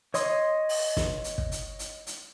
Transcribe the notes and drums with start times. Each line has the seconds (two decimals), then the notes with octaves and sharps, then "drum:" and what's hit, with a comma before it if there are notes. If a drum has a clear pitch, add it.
0.14 C#5 D#5 C6 D#6, drum: hi-hat
0.69 drum: open hi-hat
0.97 drum: snare
1.24 drum: hi-hat
1.38 drum: kick
1.52 drum: hi-hat
1.79 drum: hi-hat
2.07 drum: hi-hat